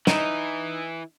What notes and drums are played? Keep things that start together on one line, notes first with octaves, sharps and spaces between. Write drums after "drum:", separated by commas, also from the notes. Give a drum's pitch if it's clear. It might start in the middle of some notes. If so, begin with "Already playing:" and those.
E3 D#4, drum: snare